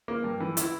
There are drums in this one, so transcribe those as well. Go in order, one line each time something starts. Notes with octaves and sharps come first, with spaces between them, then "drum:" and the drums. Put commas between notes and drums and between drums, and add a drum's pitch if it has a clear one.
A#3
G2
E3
E4, drum: hi-hat